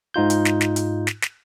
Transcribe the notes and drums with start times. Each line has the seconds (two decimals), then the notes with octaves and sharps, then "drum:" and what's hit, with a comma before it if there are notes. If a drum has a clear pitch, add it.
0.14 G#2 D#4 F4 G6
0.30 drum: hi-hat
0.45 drum: snare
0.61 drum: snare
0.76 drum: hi-hat
1.07 drum: snare
1.22 drum: snare